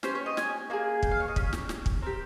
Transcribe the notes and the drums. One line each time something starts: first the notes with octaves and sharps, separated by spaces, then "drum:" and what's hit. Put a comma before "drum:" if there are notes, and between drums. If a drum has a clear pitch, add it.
C#4 G4 C5, drum: snare
C#5
D#5
G#5, drum: snare
A#3 F4 G#4
G5, drum: kick
F5
C#5
D#5
C#4 G4, drum: kick
drum: snare
drum: snare
drum: kick
C4 G4 A#4